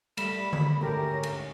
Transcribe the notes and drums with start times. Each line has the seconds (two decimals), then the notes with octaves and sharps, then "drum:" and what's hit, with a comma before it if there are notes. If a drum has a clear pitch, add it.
0.17 G3 A3 B5 E7, drum: cymbal
0.53 drum: tom D3
0.81 D2 G#2 A3 C#4 G4 A#4
1.23 drum: cymbal